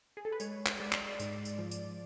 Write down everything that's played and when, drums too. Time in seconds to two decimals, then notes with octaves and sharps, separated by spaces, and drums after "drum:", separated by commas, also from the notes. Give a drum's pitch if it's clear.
0.17 G#4
0.25 A4
0.32 B4
0.40 G#3 C#5, drum: tambourine
0.67 drum: clap
0.80 G#3 D5
0.93 drum: clap
1.20 G#2, drum: tambourine
1.45 drum: tambourine
1.59 F3
1.71 drum: tambourine